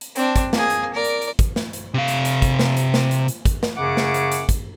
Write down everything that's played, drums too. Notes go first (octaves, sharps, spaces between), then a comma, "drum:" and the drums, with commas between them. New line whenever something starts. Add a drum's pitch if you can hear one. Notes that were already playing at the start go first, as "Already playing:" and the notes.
drum: hi-hat
C4 D4, drum: hi-hat
drum: kick, hi-hat
A#3 G#4, drum: snare
drum: hi-hat
A#4 D5
drum: hi-hat
drum: hi-hat
drum: kick, hi-hat
drum: snare
drum: hi-hat
C3 F5
drum: hi-hat
drum: hi-hat
drum: kick, hi-hat
drum: snare
drum: hi-hat
drum: snare
drum: hi-hat
drum: hi-hat
drum: kick, hi-hat
drum: snare
F#2 C#3 F#5 D6
drum: snare
drum: hi-hat
drum: hi-hat
drum: kick, hi-hat